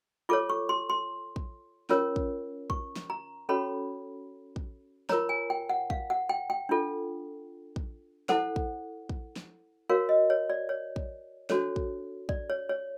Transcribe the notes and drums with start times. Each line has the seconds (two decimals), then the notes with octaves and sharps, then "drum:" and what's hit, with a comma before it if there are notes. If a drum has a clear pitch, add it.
0.29 F4 A4 C#5 D6
0.50 C#6
0.69 C6
0.90 C6
1.36 drum: kick
1.89 C#4 F4 A#4 C#5, drum: snare
2.16 drum: kick
2.70 C#6, drum: kick
2.96 drum: snare
3.10 A#5
3.49 C#4 F#4 A4 C#5 B5
4.56 drum: kick
5.09 F4 A#4 C#5 A#5, drum: snare
5.29 G#5
5.50 G5
5.69 F#5
5.90 F5, drum: kick
6.10 F#5
6.29 G5
6.50 G5
6.69 D4 F4 A4
7.76 drum: kick
8.29 E4 A4 C5 F#5, drum: snare
8.56 drum: kick
9.09 drum: kick
9.36 drum: snare
9.89 F#4 A#4 C#5 F5
10.09 D#5
10.30 C#5
10.50 D5
10.69 C#5
10.96 drum: kick
11.50 D4 F#4 A4 C5 C#5, drum: snare
11.76 drum: kick
12.29 D5, drum: kick
12.50 C#5
12.69 C#5